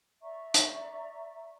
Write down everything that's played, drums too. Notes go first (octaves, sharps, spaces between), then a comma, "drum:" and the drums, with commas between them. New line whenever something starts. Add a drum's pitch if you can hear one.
D5 E5 A#5 C#6
drum: hi-hat